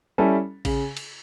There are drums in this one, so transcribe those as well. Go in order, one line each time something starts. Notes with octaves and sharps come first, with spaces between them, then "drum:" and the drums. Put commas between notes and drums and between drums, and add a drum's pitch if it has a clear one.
G3 C#4 E4 A4
C#3, drum: kick A1, cymbal
drum: cymbal